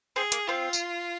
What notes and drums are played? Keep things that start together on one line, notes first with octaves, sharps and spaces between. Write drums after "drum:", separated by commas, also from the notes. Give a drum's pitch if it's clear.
C4 G#4
A#3, drum: hi-hat
C4 F4
drum: tambourine